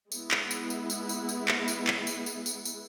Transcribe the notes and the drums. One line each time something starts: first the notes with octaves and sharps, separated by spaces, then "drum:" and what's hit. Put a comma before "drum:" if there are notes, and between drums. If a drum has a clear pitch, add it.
G#3 B3 E4, drum: tambourine
drum: clap
drum: tambourine
drum: tambourine
drum: tambourine
drum: tambourine
drum: tambourine
drum: clap
drum: tambourine
drum: clap
drum: tambourine
drum: tambourine
drum: tambourine
drum: tambourine